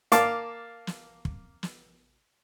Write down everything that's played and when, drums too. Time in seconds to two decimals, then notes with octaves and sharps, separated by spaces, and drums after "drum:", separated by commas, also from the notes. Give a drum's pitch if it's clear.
0.12 A#3 F5 A5 D6, drum: hi-hat
0.87 drum: snare
1.25 drum: kick
1.63 drum: snare